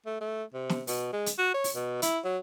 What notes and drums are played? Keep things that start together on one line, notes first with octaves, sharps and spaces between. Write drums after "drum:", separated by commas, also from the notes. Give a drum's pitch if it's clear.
A3
A3
C3
drum: snare
B2, drum: open hi-hat
G#3
drum: hi-hat
F#4
C#5
drum: open hi-hat
B2
E4, drum: hi-hat
F#3